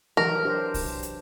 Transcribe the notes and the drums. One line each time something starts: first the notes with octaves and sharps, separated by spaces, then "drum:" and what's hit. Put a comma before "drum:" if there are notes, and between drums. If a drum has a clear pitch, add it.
E3 F#3 G4 A#4
D4 G4 C5
drum: kick, open hi-hat
drum: hi-hat